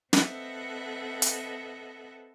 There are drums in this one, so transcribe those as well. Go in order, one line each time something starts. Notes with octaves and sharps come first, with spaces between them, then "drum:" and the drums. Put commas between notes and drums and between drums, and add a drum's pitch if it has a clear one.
C4 A4 B4 D#5 E5 F#5, drum: snare
drum: hi-hat